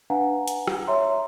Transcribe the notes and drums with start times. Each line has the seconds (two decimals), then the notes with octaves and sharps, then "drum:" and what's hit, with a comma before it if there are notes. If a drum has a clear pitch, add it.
0.10 D4 B4 F5 F#5 G#5 A#5
0.48 drum: hi-hat
0.68 drum: rim click
0.87 C#5 E5 A#5 C6